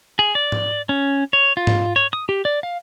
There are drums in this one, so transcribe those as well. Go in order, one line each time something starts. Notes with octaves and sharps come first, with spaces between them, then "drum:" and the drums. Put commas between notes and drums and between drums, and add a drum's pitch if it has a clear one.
G#4
D5
drum: tom G#2
C#4
C#5
F4
drum: tom G#2
C#5
D#6
G4
D5
F5